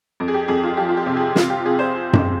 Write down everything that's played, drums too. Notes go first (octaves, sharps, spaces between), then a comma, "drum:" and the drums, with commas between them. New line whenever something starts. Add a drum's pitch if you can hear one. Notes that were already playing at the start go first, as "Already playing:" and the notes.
F2
G#4
G4
F2 G#4
F4
F3 G4
F4
G4
C3
G#4
C3 F4, drum: snare
G4
C3 G#4
C5
drum: tom F#2